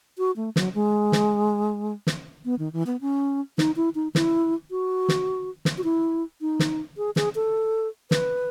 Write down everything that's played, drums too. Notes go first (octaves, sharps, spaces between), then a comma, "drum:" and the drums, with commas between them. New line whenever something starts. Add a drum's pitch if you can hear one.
F#4
A3
F#3, drum: snare
G#3
drum: snare
drum: snare
B3
D#3
E3
B3
C#4
D#4, drum: snare
E4
D#4
E4, drum: snare
F#4
drum: snare
drum: snare
F#4
E4
D#4
drum: snare
G#4
G#4, drum: snare
A4
B4, drum: snare